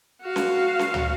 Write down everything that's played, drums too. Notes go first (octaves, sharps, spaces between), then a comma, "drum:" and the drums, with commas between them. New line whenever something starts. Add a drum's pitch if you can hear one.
F#4 F5
drum: snare C#4
drum: snare C#4
drum: tom